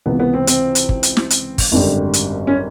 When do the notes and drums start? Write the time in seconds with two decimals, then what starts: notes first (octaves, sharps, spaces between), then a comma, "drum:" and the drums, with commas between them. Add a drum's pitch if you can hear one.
0.06 C#2 C3 E3 B3
0.20 B3
0.34 C4
0.47 C4, drum: hi-hat
0.75 drum: hi-hat
0.89 drum: kick
1.03 drum: hi-hat
1.17 drum: snare
1.30 drum: hi-hat
1.58 drum: kick, open hi-hat
1.72 G#1 F#2 D3 G3
2.14 drum: hi-hat
2.47 C#4